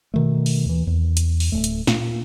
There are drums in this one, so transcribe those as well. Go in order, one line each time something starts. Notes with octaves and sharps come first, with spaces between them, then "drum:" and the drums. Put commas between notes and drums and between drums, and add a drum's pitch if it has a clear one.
B2 D#3 A3
drum: open hi-hat
D#2 E3
E2
drum: hi-hat
drum: open hi-hat
D1 A3
drum: hi-hat
A#2, drum: snare